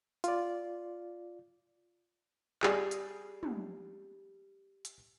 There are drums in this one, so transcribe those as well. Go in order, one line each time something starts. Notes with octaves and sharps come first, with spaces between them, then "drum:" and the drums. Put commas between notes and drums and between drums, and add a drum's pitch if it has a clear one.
F4 D5, drum: hi-hat
G3 G#4, drum: clap
drum: hi-hat
drum: tom
drum: hi-hat